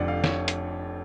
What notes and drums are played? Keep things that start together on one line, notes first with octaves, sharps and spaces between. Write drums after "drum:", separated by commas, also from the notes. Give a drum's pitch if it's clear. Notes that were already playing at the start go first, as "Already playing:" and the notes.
Already playing: F1 F2 D3 D5 F#5
F5
C#5, drum: snare
drum: hi-hat